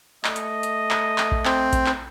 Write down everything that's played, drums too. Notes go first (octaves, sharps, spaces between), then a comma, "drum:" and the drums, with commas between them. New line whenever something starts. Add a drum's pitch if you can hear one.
A3 D#5, drum: clap
drum: hi-hat
drum: hi-hat
drum: clap
drum: clap
drum: kick A#1
C4, drum: clap
drum: kick A#1, hi-hat
drum: clap